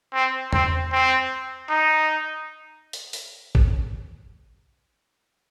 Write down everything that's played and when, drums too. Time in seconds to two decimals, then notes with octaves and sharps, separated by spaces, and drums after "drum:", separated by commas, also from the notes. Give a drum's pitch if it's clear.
0.13 C4
0.53 C4, drum: tom E2
0.92 C4
1.70 D#4
2.93 drum: open hi-hat
3.13 drum: open hi-hat
3.55 drum: kick G#1